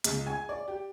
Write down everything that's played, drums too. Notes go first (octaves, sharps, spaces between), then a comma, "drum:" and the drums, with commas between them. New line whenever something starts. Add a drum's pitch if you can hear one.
C#2, drum: hi-hat
G#5
D5
G4